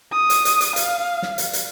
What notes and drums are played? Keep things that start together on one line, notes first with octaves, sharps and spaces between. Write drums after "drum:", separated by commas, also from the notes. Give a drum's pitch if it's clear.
D#6
drum: hi-hat
drum: hi-hat
drum: hi-hat
F5, drum: hi-hat
drum: snare
drum: hi-hat
drum: hi-hat